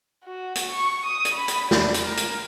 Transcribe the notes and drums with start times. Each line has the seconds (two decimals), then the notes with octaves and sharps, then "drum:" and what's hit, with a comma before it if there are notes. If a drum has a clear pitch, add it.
0.25 F#4
0.55 drum: hi-hat
0.72 C#6
1.05 D#6
1.25 drum: hi-hat
1.35 B5
1.48 drum: hi-hat
1.71 D5, drum: snare
1.94 drum: hi-hat
2.05 A#4
2.17 drum: hi-hat